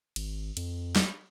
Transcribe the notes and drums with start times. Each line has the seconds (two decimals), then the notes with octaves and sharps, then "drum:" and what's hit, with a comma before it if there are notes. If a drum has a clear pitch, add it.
0.16 G#1, drum: cymbal
0.57 F2, drum: cymbal
0.96 drum: snare